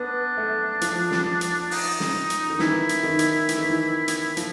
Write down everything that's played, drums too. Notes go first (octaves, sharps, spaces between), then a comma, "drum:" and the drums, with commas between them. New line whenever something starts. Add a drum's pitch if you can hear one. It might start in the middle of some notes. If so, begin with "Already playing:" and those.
Already playing: B3 D4
A3
F3, drum: hi-hat
drum: snare
drum: hi-hat
D#4, drum: open hi-hat
drum: snare
drum: hi-hat
D#3
E3 E4, drum: snare
drum: hi-hat
D#3
drum: hi-hat
E3, drum: hi-hat
D#3
E3
drum: hi-hat
F3, drum: hi-hat